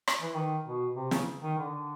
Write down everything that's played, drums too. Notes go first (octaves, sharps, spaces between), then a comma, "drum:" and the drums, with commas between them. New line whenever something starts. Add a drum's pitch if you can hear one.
drum: rim click
E3
D#3
B2
C3
C#3, drum: snare
D#3
D3